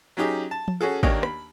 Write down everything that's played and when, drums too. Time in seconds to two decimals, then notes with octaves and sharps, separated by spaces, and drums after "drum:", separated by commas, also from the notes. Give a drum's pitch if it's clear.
0.17 F#3 C#4 D#4 G4 G#4
0.51 A5
0.68 drum: tom F3
0.81 C#4 F#4 G#4 A4
1.03 D#2 A#3 D4 C#5 D#5 G5, drum: kick
1.23 B5, drum: rim click